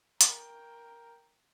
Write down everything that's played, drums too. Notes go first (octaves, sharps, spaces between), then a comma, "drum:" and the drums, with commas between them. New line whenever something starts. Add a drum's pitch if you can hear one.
A#4 G5, drum: hi-hat